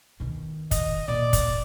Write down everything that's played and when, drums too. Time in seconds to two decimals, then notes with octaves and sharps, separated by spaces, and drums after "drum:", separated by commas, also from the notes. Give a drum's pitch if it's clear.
0.20 B2 D#3
0.71 D#5, drum: kick, hi-hat
1.08 A#2 D5
1.33 drum: kick, hi-hat